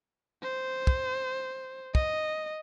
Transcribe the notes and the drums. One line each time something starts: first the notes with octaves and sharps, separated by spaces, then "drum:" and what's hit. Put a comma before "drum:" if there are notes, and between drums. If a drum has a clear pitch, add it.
C5
drum: kick
D#5, drum: kick